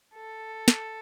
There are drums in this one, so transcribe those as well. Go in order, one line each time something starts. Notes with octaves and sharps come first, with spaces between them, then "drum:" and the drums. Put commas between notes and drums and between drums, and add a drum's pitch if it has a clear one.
A4
drum: snare